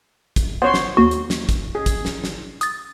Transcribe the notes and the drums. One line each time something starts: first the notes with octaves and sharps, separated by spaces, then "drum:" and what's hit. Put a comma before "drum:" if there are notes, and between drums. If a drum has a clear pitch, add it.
drum: kick, hi-hat
B3 C5 C#5 C6
drum: snare
D#2 F#4
drum: hi-hat
drum: snare
drum: kick, hi-hat
G#4
drum: kick, hi-hat
drum: snare
drum: snare
D#6 A6, drum: hi-hat